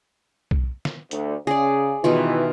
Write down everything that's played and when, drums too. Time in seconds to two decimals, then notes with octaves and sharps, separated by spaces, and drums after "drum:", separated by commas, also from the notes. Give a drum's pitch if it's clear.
0.51 drum: kick B1
0.85 drum: snare
1.11 D2, drum: hi-hat
1.47 C#3 G#4 D5
2.04 B2 D#3 E3 F4